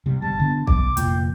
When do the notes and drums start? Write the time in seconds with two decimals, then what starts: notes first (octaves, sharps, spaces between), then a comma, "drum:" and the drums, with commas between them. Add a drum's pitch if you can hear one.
0.06 C3 G3
0.22 G1 G3 A5
0.40 D3 B3
0.67 B1 D6, drum: kick B1
0.97 F1 A#2 G5, drum: hi-hat